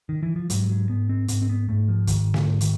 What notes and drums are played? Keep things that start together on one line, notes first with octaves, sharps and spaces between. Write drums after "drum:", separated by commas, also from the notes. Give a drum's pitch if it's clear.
D#3
E3
F3
G#2 F#3, drum: hi-hat
F#3
G#2 B3
C4
G#2 C4, drum: hi-hat
C4
B3
G#2 A3
F3
G#2 D#3, drum: kick, hi-hat
D3, drum: snare
G#2
D#3, drum: hi-hat